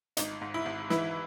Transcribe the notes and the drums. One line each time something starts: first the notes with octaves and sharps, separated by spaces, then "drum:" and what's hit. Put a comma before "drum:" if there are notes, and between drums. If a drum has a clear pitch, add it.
G#1 D#4, drum: hi-hat
G#2
E4
G#1
E3 E4, drum: snare